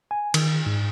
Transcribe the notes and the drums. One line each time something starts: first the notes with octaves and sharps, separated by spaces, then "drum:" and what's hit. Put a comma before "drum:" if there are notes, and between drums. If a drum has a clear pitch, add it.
G#5
D#3, drum: cymbal
G#2